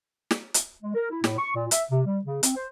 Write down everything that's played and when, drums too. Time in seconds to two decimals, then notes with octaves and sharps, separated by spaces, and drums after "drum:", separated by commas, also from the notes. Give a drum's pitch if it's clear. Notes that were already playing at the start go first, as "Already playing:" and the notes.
0.31 drum: snare
0.54 drum: hi-hat
0.83 G#3
0.95 A#4
1.11 E4
1.24 A2, drum: snare
1.39 C#6
1.56 A#2
1.71 E5, drum: hi-hat
1.91 C3
2.06 G3
2.25 C#3
2.43 C4, drum: hi-hat
2.56 C5